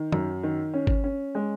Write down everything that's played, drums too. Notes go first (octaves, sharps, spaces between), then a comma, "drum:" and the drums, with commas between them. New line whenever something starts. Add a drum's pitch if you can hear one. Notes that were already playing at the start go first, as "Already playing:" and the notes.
Already playing: D#3
F#2, drum: tom
D#3
C#4
drum: kick G1
C#4
G#3